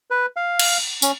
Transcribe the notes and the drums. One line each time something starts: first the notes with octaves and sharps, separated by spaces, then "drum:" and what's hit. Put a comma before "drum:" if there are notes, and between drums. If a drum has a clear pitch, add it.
B4
F5
drum: cymbal
C#4, drum: tambourine